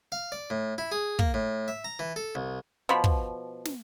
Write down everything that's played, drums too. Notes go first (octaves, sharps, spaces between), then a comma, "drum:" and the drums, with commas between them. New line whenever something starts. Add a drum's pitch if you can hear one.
F5
D5
A2
E4
G#4
A#3, drum: kick
A2
E5
A#5
E3
A4
C2
B2 F3 B5
drum: kick
drum: snare